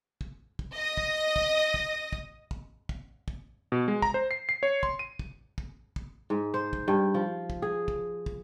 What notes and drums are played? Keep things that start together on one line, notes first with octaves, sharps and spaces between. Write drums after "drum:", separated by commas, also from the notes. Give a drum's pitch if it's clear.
drum: kick
drum: kick
D#5 D#6 A#6
drum: kick
drum: kick
drum: kick
drum: kick
drum: kick
drum: kick
drum: kick
B2
G#3
A#5, drum: kick
C5
C7
C7
C#5
C6, drum: kick
D#7
drum: kick
drum: kick
drum: kick
G#2
C5
drum: kick
G2
F3
drum: kick
G#4
drum: kick
drum: kick